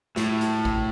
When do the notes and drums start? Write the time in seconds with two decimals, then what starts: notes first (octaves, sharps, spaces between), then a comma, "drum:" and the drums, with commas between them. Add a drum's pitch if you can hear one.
0.16 A2, drum: snare
0.41 drum: hi-hat
0.65 drum: kick